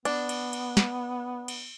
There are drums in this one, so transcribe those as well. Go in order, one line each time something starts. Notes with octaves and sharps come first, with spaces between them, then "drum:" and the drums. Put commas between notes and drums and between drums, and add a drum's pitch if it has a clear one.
B3 D4, drum: cymbal
drum: cymbal
drum: cymbal
drum: snare
drum: cymbal